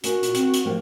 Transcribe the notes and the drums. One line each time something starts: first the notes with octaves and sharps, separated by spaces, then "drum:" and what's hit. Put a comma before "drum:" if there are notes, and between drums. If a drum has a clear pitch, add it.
A#3 C#4 F#4, drum: hi-hat
A#2, drum: hi-hat
C4, drum: hi-hat
drum: hi-hat
F3 A#3 G4 F5